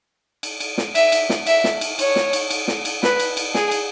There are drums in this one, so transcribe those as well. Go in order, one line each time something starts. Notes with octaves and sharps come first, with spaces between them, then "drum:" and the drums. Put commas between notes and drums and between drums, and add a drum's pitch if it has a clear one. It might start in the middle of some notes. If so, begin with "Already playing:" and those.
drum: cymbal
drum: cymbal
drum: snare
E5, drum: cymbal
drum: cymbal
drum: snare
E5, drum: cymbal
drum: snare
drum: cymbal
C#5, drum: cymbal
drum: snare
drum: cymbal
drum: cymbal
drum: snare
drum: cymbal
B4, drum: snare
drum: cymbal
drum: cymbal
G#4, drum: snare
drum: cymbal